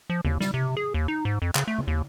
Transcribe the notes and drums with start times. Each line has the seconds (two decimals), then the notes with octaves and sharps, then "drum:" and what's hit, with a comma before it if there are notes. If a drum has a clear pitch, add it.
0.10 F3
0.25 D#2, drum: tom C#3
0.41 G3, drum: snare
0.54 C3
0.77 G#4
0.94 D#2
1.08 D#4
1.25 G#2
1.42 F2
1.55 C#3, drum: clap
1.68 A3
1.78 drum: tom C#3
1.88 D#2